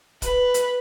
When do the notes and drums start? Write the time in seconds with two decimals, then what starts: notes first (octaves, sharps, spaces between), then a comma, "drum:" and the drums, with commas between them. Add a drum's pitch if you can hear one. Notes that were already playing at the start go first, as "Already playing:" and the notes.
0.22 B4, drum: kick, hi-hat
0.54 drum: hi-hat